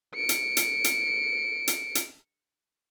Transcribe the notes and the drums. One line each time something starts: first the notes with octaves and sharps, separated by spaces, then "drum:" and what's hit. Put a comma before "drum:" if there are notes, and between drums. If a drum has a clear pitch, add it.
C#7 D7
drum: hi-hat
drum: hi-hat
drum: hi-hat
drum: hi-hat
drum: hi-hat